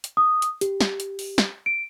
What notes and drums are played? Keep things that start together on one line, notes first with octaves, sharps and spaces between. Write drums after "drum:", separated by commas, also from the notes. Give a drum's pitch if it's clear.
drum: hi-hat
D#6
drum: hi-hat
G4, drum: hi-hat
drum: snare
drum: hi-hat
drum: open hi-hat
drum: snare
D7